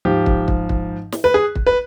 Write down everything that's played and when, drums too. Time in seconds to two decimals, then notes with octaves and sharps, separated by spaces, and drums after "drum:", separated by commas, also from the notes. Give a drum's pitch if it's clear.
0.05 G#2 F3 G4
0.26 drum: kick
0.48 drum: kick
0.69 drum: kick
1.12 drum: snare
1.24 B4
1.34 G#4
1.55 drum: kick
1.67 B4